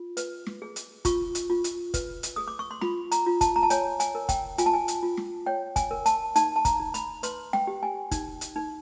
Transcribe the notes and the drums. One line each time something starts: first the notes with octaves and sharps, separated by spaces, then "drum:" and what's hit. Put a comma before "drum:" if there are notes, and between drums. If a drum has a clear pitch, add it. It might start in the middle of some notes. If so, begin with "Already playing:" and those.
Already playing: F4
B4, drum: hi-hat
drum: snare
G#4
drum: hi-hat
F4 C#6, drum: kick, hi-hat
drum: hi-hat
F4
drum: hi-hat
B4, drum: kick, hi-hat
drum: hi-hat
G#4 D#6
D6
C#6
C6
F4 B5, drum: snare
A#5, drum: hi-hat
F4
A5, drum: kick, hi-hat
A#5
A5
C#5 G#5, drum: hi-hat
G#5, drum: hi-hat
A#4
G5, drum: kick, hi-hat
F4 G#5, drum: hi-hat
A5
G#5
drum: hi-hat
F4
drum: snare
C#5 G5
G#5, drum: kick, hi-hat
A#4
A5, drum: hi-hat
D#4 A5, drum: hi-hat
A5
A#5, drum: kick, hi-hat
D#4
B5, drum: hi-hat
B4 C6, drum: hi-hat
G5, drum: snare
G4
G#5
D#4, drum: kick, hi-hat
drum: hi-hat
D#4